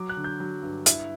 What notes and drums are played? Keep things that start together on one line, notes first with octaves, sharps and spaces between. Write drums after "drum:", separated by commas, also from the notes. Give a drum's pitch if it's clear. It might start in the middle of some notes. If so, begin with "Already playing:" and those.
Already playing: F#3 D6
F#6
D3
G6
F#3
G2
E4, drum: hi-hat